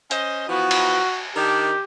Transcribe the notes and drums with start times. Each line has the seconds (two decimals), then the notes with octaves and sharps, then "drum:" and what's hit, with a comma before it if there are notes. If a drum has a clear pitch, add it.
0.11 C#4 C5 D#5, drum: hi-hat
0.49 E3 F3 B3 F#4
0.71 drum: cymbal
1.36 D#3 D4 G4